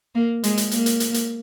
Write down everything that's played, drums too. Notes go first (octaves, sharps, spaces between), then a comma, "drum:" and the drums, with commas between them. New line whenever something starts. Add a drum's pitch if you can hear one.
A#3
G#3, drum: hi-hat
drum: hi-hat
A#3, drum: hi-hat
drum: hi-hat
drum: hi-hat
drum: hi-hat